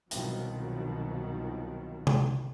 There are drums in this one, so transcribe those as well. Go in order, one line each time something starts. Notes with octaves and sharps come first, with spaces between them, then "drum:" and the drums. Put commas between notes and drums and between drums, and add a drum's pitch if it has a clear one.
C2 B2 D#3 F3 F#3, drum: hi-hat
drum: tom C3